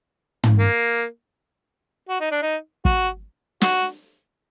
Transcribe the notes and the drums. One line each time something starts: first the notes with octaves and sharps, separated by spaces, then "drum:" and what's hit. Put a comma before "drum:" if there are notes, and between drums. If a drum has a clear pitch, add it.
drum: tom
A#3
F#4
D#4
D4
D#4
F#4, drum: kick
F#4, drum: snare